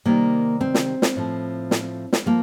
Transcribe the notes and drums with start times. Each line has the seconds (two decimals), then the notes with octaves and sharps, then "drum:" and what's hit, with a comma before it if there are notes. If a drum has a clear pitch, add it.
0.05 C3 D#3 G3 A#3
0.61 C4
0.74 drum: snare
1.02 drum: snare
1.16 A2 F3
1.71 drum: snare
2.13 drum: snare
2.26 F3 A#3